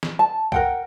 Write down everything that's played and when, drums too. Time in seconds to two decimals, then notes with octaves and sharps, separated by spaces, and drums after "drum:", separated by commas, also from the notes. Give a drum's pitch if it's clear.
0.03 drum: snare
0.19 A5
0.52 A#4 F#5 G5, drum: kick B1